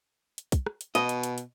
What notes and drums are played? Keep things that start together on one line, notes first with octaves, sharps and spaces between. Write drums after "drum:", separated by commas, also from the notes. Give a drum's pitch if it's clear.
drum: hi-hat
drum: kick, hi-hat
drum: rim click
drum: hi-hat
B2 D#5, drum: hi-hat
drum: hi-hat
drum: hi-hat
drum: hi-hat